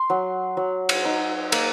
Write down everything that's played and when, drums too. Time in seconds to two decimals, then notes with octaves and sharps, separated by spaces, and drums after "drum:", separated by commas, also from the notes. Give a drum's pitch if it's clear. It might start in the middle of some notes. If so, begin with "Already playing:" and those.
Already playing: C6
0.10 F#3
0.57 F#3
0.89 drum: cymbal
1.05 D#4
1.52 A#3, drum: cymbal